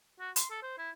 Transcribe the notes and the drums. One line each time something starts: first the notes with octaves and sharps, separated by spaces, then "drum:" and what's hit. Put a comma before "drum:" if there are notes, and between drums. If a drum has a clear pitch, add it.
F#4
C6, drum: hi-hat
A4
C5
E4